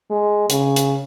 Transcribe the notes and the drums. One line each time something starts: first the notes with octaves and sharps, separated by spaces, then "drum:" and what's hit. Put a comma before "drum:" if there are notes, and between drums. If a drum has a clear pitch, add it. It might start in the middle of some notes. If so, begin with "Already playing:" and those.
G#3
C#3, drum: hi-hat
drum: hi-hat